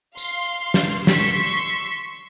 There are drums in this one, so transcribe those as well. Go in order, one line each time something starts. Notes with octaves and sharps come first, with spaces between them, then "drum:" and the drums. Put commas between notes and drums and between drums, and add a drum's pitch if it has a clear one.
F5 C6, drum: tambourine
drum: snare
C6 C#6 E6 B6, drum: snare